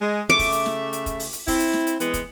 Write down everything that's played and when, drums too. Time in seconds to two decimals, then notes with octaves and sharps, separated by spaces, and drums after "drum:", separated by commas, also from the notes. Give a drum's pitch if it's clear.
0.02 G#3
0.30 C#3 A3 E5 D6
0.39 drum: kick, open hi-hat
0.52 drum: hi-hat
0.66 drum: snare
0.93 drum: hi-hat
1.06 drum: kick, hi-hat
1.20 drum: open hi-hat
1.33 drum: hi-hat
1.47 C4 E4, drum: kick, open hi-hat
1.60 drum: hi-hat
1.73 drum: snare
1.87 drum: hi-hat
2.00 E3 G#3 B3, drum: hi-hat
2.14 drum: kick, hi-hat